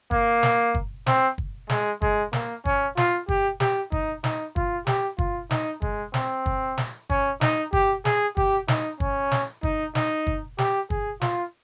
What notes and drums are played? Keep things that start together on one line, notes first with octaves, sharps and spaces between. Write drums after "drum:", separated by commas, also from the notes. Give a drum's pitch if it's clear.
A#3, drum: kick
drum: snare
drum: kick
C4, drum: snare
drum: kick
G#3, drum: snare
G#3, drum: kick
A#3, drum: snare
C#4, drum: kick
F4, drum: snare
G4, drum: kick
G4, drum: snare
D#4, drum: kick
D#4, drum: snare
F4, drum: kick
G4, drum: snare
F4, drum: kick
D#4, drum: snare
G#3, drum: kick
C4, drum: snare
drum: kick
drum: snare
C#4, drum: kick
D#4, drum: snare
G4, drum: kick
G#4, drum: snare
G4, drum: kick
D#4, drum: snare
C#4, drum: kick
drum: snare
D#4, drum: kick
D#4, drum: snare
drum: kick
G4, drum: snare
G#4, drum: kick
F4, drum: snare